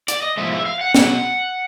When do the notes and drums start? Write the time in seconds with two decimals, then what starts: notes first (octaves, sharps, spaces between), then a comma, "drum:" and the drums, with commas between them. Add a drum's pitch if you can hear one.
0.08 D5, drum: hi-hat
0.22 D#5
0.37 A2 F3 G#3 E5
0.52 E5
0.66 F5
0.81 F#5
0.95 B2 F#3 F#5, drum: snare